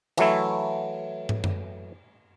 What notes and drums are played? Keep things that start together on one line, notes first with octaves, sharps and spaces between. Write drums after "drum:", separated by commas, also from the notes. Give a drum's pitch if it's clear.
E3 F#3 A3 E4, drum: cymbal
drum: tom
drum: tom F#2